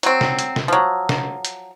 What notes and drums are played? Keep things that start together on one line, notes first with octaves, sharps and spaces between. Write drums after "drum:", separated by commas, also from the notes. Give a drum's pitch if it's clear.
F#3 C4, drum: hi-hat
drum: snare
drum: hi-hat
drum: snare
F3 F#3
drum: snare
drum: hi-hat